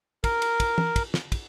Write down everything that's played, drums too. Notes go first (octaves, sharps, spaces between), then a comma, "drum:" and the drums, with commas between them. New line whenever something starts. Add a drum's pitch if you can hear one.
A#4, drum: kick, cymbal
drum: cymbal
drum: kick, cymbal
drum: tom
drum: kick, cymbal
drum: snare
drum: kick, cymbal